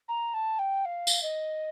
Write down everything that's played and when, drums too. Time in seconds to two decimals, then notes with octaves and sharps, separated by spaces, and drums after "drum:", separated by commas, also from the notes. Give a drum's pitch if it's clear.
0.08 A#5
0.34 A5
0.59 G5
0.85 F5
1.07 drum: tambourine
1.23 D#5